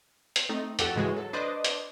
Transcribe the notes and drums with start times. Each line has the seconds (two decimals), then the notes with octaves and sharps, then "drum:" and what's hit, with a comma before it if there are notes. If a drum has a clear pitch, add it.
0.36 drum: hi-hat
0.49 A3 C4 D#4
0.79 F2 F#4 G4 A4 F#5 E6, drum: hi-hat
0.96 G#2 C#3 E3 G#3 F#4
1.16 F#3 A4
1.33 D4 B4 C5 D#5 D6
1.64 drum: hi-hat